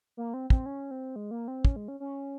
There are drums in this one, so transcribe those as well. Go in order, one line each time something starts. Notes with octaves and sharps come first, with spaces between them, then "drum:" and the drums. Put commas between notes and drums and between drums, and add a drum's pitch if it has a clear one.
A#3
C4
C4, drum: kick
C#4
C4
G#3
A#3
C4
C#4, drum: kick
G#3
C#4
C#4